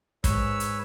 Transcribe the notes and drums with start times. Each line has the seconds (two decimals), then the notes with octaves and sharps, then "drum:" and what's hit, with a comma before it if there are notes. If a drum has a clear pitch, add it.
0.24 G#2 B4 C#5 E6, drum: kick, hi-hat
0.60 drum: hi-hat